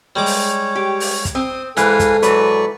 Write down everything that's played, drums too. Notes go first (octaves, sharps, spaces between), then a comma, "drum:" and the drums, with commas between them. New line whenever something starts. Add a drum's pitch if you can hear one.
G3 G#3 C#5 D6
drum: open hi-hat
G4
drum: open hi-hat
drum: kick, hi-hat
C4 D#6
G#2 E3 A4 B4 F5 G#5, drum: hi-hat
drum: kick, hi-hat
E3 F#3 B4 D5 C#6, drum: hi-hat